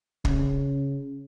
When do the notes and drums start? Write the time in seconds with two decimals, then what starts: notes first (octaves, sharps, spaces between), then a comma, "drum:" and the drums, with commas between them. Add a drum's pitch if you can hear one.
0.25 C#3, drum: kick